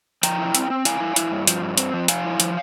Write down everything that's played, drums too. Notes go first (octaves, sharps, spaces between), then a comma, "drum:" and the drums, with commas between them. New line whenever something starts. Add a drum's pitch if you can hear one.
F3 G5 A#5, drum: hi-hat
E4
C4, drum: hi-hat
C4
E4 F5 G#5, drum: hi-hat
E4
E4, drum: hi-hat
G2
F3, drum: hi-hat
G2
C4, drum: hi-hat
F3
F3 F5 G#5, drum: hi-hat
E4
F3, drum: hi-hat